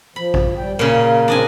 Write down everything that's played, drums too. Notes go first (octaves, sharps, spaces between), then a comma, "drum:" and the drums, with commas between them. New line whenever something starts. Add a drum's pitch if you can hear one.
F3 B5
drum: kick A1
G3 G5
A#2 C#3 A#3 A#4
C#3 C4 D4 D#5 G#5